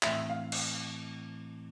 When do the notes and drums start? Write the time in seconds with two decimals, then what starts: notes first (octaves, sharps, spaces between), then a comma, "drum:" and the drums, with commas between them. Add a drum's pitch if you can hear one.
0.03 A2 E3 A3 C4 E4 E5, drum: clap
0.30 F5
0.52 drum: cymbal